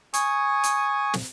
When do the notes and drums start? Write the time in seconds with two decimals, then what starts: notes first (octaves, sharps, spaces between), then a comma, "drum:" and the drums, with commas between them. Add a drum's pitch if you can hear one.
0.14 G#5 C#6 D#6, drum: hi-hat
0.64 drum: hi-hat
1.14 drum: snare